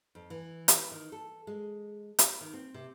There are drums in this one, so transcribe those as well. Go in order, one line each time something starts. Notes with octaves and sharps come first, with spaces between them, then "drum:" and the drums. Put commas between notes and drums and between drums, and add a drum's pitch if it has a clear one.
F2
E3
drum: hi-hat
D#3
A4
G#3
drum: hi-hat
D#3
C4
C3